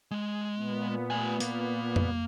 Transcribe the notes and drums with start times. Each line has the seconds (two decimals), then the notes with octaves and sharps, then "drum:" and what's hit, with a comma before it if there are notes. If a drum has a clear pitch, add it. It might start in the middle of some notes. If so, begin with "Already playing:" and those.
0.11 G#3
0.56 A#2 B3
1.10 A3 G#5
1.40 A#3, drum: hi-hat
1.96 drum: tom F2